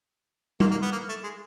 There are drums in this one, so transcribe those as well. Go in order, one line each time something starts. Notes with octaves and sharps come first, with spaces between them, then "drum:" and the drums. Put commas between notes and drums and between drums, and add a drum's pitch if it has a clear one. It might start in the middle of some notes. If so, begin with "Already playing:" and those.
A#3, drum: tom
A#3
B3
A#3
A3
G#3